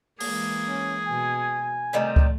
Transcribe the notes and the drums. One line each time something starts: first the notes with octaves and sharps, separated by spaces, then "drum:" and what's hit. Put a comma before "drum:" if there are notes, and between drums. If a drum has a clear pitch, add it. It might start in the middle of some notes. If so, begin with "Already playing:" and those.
E3 G#3 A#3 G#4, drum: open hi-hat
C#4
B2 G#5
C3 D#3 G3 A3
drum: kick